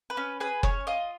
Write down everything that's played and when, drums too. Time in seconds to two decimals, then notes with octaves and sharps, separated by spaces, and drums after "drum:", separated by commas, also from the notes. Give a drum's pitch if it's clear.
0.10 B4
0.17 C#4
0.40 G#4 B4
0.63 C#4 C#5, drum: kick F#1
0.87 F4 D#5